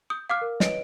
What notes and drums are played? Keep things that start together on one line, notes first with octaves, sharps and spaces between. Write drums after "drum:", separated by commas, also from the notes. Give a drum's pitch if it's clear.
D#6 G6
F5 D6 F6 F#6 C7
A#4
B4 C#5 D#5 D7, drum: snare